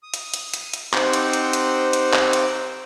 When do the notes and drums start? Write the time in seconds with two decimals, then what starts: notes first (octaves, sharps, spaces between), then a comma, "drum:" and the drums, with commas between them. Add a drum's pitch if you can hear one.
0.03 D#6
0.14 drum: hi-hat
0.34 drum: hi-hat
0.54 drum: hi-hat
0.74 drum: hi-hat
0.93 C4 D#4 G4 C5 F#5 G5, drum: clap
1.13 drum: hi-hat
1.33 drum: hi-hat
1.53 drum: hi-hat
1.93 drum: hi-hat
2.13 drum: clap
2.33 drum: hi-hat